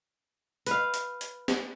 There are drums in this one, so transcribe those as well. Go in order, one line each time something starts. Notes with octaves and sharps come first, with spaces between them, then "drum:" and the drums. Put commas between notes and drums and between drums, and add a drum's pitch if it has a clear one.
B4 F5, drum: hi-hat
drum: hi-hat
drum: hi-hat
drum: snare